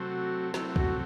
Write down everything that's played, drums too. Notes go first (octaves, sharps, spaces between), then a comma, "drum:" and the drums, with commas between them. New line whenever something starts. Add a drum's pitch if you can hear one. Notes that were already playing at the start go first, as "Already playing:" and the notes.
Already playing: C3 F#3 A3 C4 F#4
C3 F#3 A3 C4 E4, drum: snare
F#4, drum: kick